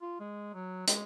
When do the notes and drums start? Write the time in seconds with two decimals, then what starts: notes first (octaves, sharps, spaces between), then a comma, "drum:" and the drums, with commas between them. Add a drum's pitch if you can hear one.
0.02 F4
0.20 G#3
0.54 F#3
0.87 G#3, drum: hi-hat